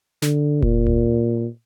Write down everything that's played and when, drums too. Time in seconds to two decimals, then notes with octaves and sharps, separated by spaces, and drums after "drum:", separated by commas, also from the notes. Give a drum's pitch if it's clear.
0.22 D3, drum: snare
0.62 A#2, drum: kick F1
0.87 drum: tom D2